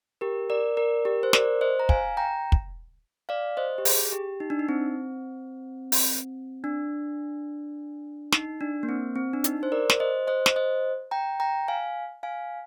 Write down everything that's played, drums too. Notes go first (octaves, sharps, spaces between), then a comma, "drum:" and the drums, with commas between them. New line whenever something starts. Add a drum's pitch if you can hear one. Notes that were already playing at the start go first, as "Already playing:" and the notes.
G4 A#4
A#4 D5
A#4 D5
G4 A#4
C5
A#4 D5, drum: snare
C5 D#5
A#5
F5 G#5, drum: kick
G5 A#5
drum: kick
D5 F5
C5 D#5
G4
G#4, drum: open hi-hat
G4
D#4
D4
D#4
C4
drum: open hi-hat
D4
D#4, drum: snare
D4
A#3
C4
C4
D4
D#4, drum: hi-hat
C5
A#4 D5
drum: snare
C5 D#5
C5 D#5
drum: snare
C5 D#5
G5 A#5
G5 A#5
F5 G#5
F5 G#5